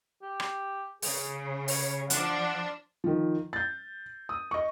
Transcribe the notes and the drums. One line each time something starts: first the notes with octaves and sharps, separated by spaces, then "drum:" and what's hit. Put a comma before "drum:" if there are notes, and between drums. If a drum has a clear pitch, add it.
G4
drum: rim click
C#3 G#4, drum: open hi-hat
C#5, drum: open hi-hat
F3 D4 F#5, drum: hi-hat
D#3 F3
G6 A6
D#6
D#5 C#6